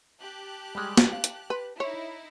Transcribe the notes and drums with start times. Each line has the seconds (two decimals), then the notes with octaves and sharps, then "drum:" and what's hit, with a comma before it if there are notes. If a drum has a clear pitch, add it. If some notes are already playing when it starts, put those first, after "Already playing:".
0.21 G4 A5 F#6
0.75 G3 G#3
0.97 drum: snare
1.12 F5
1.24 drum: hi-hat
1.50 B4
1.80 D#4 E4 C#5